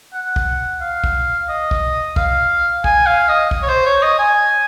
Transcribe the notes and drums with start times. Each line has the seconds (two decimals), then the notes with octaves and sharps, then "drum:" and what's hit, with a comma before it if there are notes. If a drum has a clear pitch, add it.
0.13 F#5
0.36 drum: kick
0.81 F5
1.04 drum: kick
1.49 D#5
1.71 drum: kick
2.16 F5, drum: kick
2.84 G#5, drum: kick
3.06 F5
3.28 D#5
3.51 drum: kick
3.62 C#5
3.68 C5
3.85 C#5
4.02 D#5
4.19 G#5